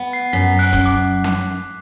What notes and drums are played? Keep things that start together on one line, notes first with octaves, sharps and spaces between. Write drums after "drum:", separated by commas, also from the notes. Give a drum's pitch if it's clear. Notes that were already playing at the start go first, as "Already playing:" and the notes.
Already playing: B3
C7
F#2 B6
F#6, drum: open hi-hat
F#2, drum: kick E1
D6
drum: snare